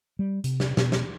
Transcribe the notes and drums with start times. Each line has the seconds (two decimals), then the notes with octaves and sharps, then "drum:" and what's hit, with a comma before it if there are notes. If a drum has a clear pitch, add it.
0.19 G3
0.44 C3, drum: hi-hat
0.60 drum: snare
0.77 B2, drum: snare
0.92 drum: snare